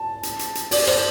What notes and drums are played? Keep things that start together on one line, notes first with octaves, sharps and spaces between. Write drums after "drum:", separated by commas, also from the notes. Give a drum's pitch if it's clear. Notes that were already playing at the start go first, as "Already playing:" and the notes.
Already playing: A5
drum: hi-hat
drum: hi-hat
drum: hi-hat
D5, drum: open hi-hat
C5, drum: rim click